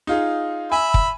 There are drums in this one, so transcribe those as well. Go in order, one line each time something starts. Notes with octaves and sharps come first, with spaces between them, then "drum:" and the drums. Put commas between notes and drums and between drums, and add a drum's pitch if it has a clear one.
D#4 F4 G#4
E5 G#5 B5
drum: kick